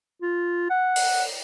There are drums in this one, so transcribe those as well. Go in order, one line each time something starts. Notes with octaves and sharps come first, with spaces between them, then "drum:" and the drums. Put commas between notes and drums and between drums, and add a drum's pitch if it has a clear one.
F4
F#5
drum: open hi-hat